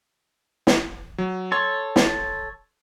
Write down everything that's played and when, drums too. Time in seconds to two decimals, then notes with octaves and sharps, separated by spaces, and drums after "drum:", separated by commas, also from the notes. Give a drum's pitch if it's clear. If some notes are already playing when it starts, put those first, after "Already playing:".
0.67 drum: snare
1.18 F#3
1.52 A4 C#5 C6
1.96 drum: snare